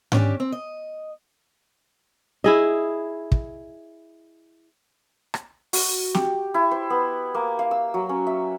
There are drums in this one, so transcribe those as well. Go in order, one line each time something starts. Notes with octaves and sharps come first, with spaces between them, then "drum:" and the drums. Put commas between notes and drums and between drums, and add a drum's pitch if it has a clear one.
B3 C#4 D4 G4, drum: tom G#2
C4
D#5
E4 G#4 D#5
drum: kick
drum: rim click
F#4, drum: open hi-hat
G4, drum: snare
E4
C5
B3
A#3
F5
E6
F#3
C#4
E5